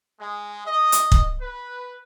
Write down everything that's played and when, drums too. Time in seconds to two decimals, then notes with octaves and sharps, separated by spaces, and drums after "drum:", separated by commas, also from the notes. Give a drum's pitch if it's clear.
0.20 G#3
0.67 D#5
0.92 drum: hi-hat
1.12 drum: kick
1.41 B4